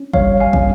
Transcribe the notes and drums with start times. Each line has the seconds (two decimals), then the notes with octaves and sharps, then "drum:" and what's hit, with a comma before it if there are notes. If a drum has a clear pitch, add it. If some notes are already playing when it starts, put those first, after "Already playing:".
Already playing: C#4
0.13 G3 C#5 F5, drum: kick
0.40 F5 G#5
0.53 C#4, drum: kick